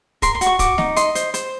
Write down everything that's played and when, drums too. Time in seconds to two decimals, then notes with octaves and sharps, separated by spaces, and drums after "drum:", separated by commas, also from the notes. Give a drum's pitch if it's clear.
0.22 A#4 C6, drum: kick, hi-hat
0.35 C6
0.41 F#4, drum: hi-hat
0.47 C#6
0.59 F#4 D6, drum: kick, hi-hat
0.78 D#4, drum: snare
0.96 D#5 C6, drum: hi-hat
1.15 C5, drum: hi-hat
1.34 C5, drum: hi-hat